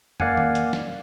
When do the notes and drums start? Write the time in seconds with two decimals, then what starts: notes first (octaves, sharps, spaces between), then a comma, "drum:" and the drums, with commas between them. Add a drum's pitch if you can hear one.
0.20 A#3 D5 F5 F#5 G#5, drum: tom
0.37 drum: tom D#3
0.55 drum: hi-hat
0.73 drum: snare